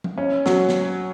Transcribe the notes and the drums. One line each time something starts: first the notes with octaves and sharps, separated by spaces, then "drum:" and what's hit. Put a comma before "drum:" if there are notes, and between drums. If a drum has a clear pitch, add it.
drum: tom F3
C#4
F#3, drum: snare
drum: snare